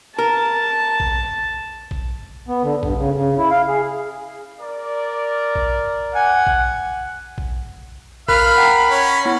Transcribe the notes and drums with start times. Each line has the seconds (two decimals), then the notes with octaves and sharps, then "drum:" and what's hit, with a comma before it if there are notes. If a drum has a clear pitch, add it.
0.19 A#4 A5
1.00 drum: kick A#1
1.91 drum: kick A#1
2.48 B3
2.63 D3
2.83 G2, drum: kick A#1
2.97 C#3
3.13 C#3
3.38 E4
3.51 F5
3.68 G#4
4.60 A#4 D5
5.56 drum: kick A#1
6.15 F#5 G#5
6.47 drum: kick A#1
7.38 drum: kick A#1
8.28 A#4 F5 B5 F#6, drum: kick A#1
8.57 F#5 G5 A#5
8.91 C#4
9.25 B3 E4